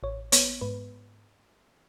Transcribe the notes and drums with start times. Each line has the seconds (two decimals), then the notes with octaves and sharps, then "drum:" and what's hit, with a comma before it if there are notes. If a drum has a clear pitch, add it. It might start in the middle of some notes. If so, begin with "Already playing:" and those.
0.03 A1 C#5
0.32 B3 C#5, drum: hi-hat
0.61 G#2 B4